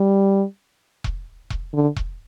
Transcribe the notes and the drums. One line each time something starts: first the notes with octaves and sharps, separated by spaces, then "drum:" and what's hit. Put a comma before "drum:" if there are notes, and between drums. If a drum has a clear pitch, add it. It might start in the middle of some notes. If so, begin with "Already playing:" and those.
Already playing: G3
drum: kick E1
drum: kick E1
D3
drum: kick E1